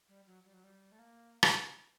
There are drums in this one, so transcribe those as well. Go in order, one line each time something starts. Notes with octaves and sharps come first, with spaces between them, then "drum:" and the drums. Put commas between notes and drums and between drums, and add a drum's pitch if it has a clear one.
G3
F#3
G3
F#3
G3
A3
A#3
drum: rim click